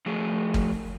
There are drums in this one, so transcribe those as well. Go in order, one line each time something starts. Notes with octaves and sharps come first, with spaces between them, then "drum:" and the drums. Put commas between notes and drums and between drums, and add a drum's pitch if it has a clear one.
F3 A3 G#4
drum: kick G#1